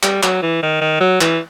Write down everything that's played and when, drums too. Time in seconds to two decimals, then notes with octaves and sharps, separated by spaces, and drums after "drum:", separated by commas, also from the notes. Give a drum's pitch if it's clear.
0.03 G3, drum: clap
0.23 F#3, drum: clap
0.43 E3
0.63 D#3
0.81 D#3
1.01 F#3
1.21 E3, drum: clap